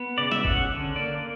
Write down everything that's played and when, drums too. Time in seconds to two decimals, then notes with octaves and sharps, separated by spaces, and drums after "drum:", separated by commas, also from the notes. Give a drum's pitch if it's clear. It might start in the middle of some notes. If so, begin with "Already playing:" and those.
Already playing: B3
0.18 C#3 D5
0.32 E5, drum: snare
0.45 C#4 F#5, drum: kick
0.71 D3
0.96 A#3 D5